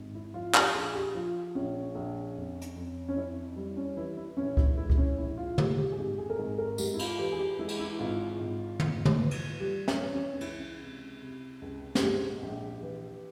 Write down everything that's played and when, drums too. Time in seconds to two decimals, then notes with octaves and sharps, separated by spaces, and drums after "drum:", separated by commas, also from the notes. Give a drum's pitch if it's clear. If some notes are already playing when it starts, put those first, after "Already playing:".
Already playing: G#1
0.15 E4
0.34 F3 F4
0.54 G4, drum: clap
0.74 A#1 G#4
0.95 G4
1.15 F3 F4
1.55 A#1 C#4
1.95 A#1
2.36 F2
2.62 drum: hi-hat
2.76 F2
3.08 C#4
3.16 F2 E4
3.56 G3 E4
3.77 C#4
3.97 E3 E4
4.17 E4
4.37 A#1 C#4
4.57 E4, drum: kick C#2
4.77 G#3 E4
4.90 E4, drum: kick C#2
4.98 C#4
5.18 A#1 E4
5.37 F4
5.58 G#2 G4, drum: tom
5.78 G4
5.92 G#4
5.98 G#1 G4
6.18 G#4
6.30 A#4
6.38 G#1 G#4
6.58 A#4
6.78 G#2 G4, drum: tambourine
6.94 E4
6.99 F4, drum: cymbal
7.19 E3 G4
7.32 G#4
7.39 G4
7.59 G#3 E4
7.68 drum: cymbal
7.79 E4
7.99 G#1 F4
8.40 G#1
8.80 F2, drum: tom
9.05 drum: tom
9.20 E3
9.31 drum: cymbal
9.60 G3 G4
9.88 C#4, drum: snare
10.00 E3
10.14 C#4
10.34 C#4
10.41 C#2 E4, drum: cymbal
10.81 C3
11.22 C3
11.62 C#2
11.95 G#4, drum: snare
12.02 G#2 G4
12.43 A#1
12.83 E3